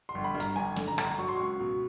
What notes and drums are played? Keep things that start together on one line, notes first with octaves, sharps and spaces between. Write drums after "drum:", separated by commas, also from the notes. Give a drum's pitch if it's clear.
C6
G1
B5
G2
A#5, drum: hi-hat
G1 G#5
D3, drum: snare
A#5
G1, drum: rim click
F#3 C#6
C6
C#2 C#6
B2